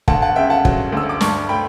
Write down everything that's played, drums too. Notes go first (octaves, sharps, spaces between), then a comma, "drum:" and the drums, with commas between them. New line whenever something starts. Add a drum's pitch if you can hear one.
D2 F#5 A5, drum: kick
F#5 A5
C#3 E5 G5
F#5 A5
F#3, drum: kick
D2 E6
D6
G2 A5 C#6, drum: snare
A3 G5 B5